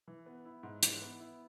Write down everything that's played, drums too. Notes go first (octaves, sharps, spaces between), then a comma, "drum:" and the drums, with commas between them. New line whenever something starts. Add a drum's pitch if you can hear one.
E3
B3
E4
G#2
E3, drum: hi-hat
B3
E4